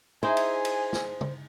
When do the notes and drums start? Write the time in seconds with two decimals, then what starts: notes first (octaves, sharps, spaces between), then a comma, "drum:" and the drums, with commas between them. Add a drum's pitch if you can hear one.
0.23 D#4 E4 G#4 C5 G#5
0.37 drum: cymbal
0.65 drum: cymbal
0.93 drum: snare
1.21 drum: tom